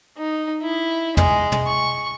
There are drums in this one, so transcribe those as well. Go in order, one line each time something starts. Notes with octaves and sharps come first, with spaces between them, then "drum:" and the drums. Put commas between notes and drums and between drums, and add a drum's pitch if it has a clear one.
D#4
E4
G#3, drum: tom
drum: tom
C#6